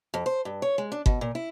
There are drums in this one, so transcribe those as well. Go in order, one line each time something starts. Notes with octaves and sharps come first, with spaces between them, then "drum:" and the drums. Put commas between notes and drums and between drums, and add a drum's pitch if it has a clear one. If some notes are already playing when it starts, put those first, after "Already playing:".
F2
C5
G2
C#5
G#3
D4
B2, drum: kick G1
A#2
E4